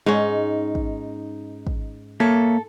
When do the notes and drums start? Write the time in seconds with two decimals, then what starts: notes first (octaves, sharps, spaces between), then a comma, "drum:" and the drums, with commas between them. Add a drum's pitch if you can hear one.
0.06 G#2 C#4 D#4
0.75 drum: kick
1.67 drum: kick
2.20 A#3 A4 C#5 E5